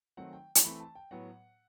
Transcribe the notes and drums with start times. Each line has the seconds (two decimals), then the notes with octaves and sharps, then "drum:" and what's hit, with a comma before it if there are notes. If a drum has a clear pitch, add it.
0.17 D#3 F#3 A3 C4 F#5
0.33 G5
0.55 drum: hi-hat
0.65 E3 A3 C4 B5
0.80 A5
0.95 G5
1.11 A2 F#3 B3 F#5